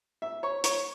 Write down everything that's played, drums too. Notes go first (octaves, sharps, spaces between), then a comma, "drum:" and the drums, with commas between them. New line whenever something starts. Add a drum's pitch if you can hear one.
E5
C#5
C#5, drum: hi-hat